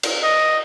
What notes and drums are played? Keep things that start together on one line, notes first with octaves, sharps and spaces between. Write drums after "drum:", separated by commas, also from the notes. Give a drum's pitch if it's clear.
drum: cymbal
D#5